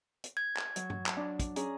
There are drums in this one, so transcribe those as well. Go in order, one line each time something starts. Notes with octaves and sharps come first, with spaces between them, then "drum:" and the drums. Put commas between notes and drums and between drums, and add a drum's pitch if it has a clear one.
drum: hi-hat
G#6
drum: clap
F#3, drum: hi-hat
drum: tom
drum: clap
D4
drum: kick, hi-hat
C#4 G#4 A#5, drum: hi-hat